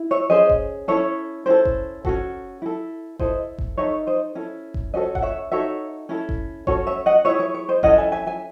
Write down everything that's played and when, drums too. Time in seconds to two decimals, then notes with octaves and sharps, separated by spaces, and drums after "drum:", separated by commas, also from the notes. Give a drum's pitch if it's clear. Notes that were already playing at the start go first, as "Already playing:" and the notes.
Already playing: E4
0.11 C#5 E5
0.30 C#4 G#4 C5 D#5
0.50 drum: kick F#1
0.88 C#4 E4 A4 C#5
1.46 C#4 E4 A4 C5
1.65 drum: kick F#1
2.05 C#4 F#4 A4, drum: kick F#1
2.62 E4 A4
3.19 E4 A4 C5 D#5, drum: kick F#1
3.58 drum: kick F#1
3.77 D#4 A4 C#5 E5
4.07 C5 D#5
4.35 C#4 E4 A4
4.74 drum: kick F#1
4.94 C#4 F#4 A4 C5 D#5
5.15 F#5, drum: kick F#1
5.22 C#5 E5
5.51 D#4 F#4 A4 C#5 E5
6.09 C#4 E4 A4
6.29 drum: kick F#1
6.67 C#4 F#4 A4 C#5, drum: kick F#1
6.87 C#5 E5
7.06 D#5 F#5
7.25 E4 G#4 C#5 E5
7.39 C#5
7.54 C#5
7.69 C5 D#5
7.83 C#4 E4 A4 D#5 F#5, drum: kick F#1
7.98 E5 G#5
8.12 E5 G#5
8.27 E5 G#5